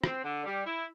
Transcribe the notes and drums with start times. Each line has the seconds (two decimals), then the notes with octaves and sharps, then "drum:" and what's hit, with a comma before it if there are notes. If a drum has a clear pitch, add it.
0.04 C4, drum: rim click
0.24 D3
0.45 G3
0.65 E4